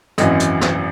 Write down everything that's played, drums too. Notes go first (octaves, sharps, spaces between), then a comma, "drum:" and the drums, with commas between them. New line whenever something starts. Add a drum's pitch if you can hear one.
G#1 F#2 E3 D#5, drum: hi-hat
drum: hi-hat
drum: snare